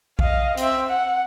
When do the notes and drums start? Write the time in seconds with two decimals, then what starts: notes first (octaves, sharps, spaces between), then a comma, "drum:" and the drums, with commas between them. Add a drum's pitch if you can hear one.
0.19 D#5 F5, drum: kick A#1
0.57 C4 E5, drum: hi-hat
0.89 F#5